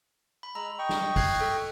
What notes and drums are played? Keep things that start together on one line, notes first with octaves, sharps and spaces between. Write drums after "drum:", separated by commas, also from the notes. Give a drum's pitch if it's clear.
B5
G#3 A#5 E6
D#5 G5 C#6
drum: snare
F#6 G#6 C7, drum: kick, open hi-hat
A4